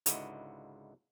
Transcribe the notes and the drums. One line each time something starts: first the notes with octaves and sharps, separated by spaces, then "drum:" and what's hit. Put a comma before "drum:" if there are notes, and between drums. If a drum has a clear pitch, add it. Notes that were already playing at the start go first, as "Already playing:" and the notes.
C#2 G#2 D3 E4 F#4 D#5, drum: hi-hat